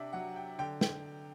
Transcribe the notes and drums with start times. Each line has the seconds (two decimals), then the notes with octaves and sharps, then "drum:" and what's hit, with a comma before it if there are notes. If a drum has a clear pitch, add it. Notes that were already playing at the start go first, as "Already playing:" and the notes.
Already playing: C3 D4 E5
0.13 F#3 F#5
0.36 G5
0.58 D3 G5
0.81 G5, drum: snare